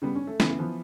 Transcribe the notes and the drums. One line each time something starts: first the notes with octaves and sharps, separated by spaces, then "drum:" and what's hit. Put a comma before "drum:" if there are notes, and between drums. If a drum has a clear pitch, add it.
C#3 G3 B3
C#4
A3
C#3 E3 B3, drum: snare
E3 F3 B3